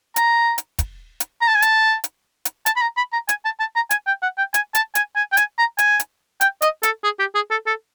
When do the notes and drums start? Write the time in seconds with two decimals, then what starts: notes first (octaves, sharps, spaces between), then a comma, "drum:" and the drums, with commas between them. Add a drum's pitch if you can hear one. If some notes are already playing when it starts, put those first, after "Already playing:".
0.16 A#5, drum: hi-hat
0.58 drum: hi-hat
0.79 drum: kick, hi-hat
1.20 drum: hi-hat
1.41 A#5
1.48 A5
1.55 G#5
1.62 A5, drum: hi-hat
2.04 drum: hi-hat
2.45 drum: hi-hat
2.66 A5, drum: hi-hat
2.77 B5
2.82 A#5
2.97 B5
3.13 A#5
3.29 G#5, drum: hi-hat
3.45 A5
3.60 A5
3.76 A#5
3.91 G#5, drum: hi-hat
4.07 G5
4.23 F#5
4.38 G5
4.54 G#5, drum: hi-hat
4.75 A5, drum: hi-hat
4.95 G#5, drum: hi-hat
5.16 G#5
5.32 G5
5.37 G#5, drum: hi-hat
5.58 A#5
5.79 G#5, drum: hi-hat
6.00 drum: hi-hat
6.41 G5, drum: hi-hat
6.62 D#5, drum: hi-hat
6.83 A4, drum: hi-hat
7.04 G#4
7.19 G4
7.35 G#4
7.51 A4
7.67 A4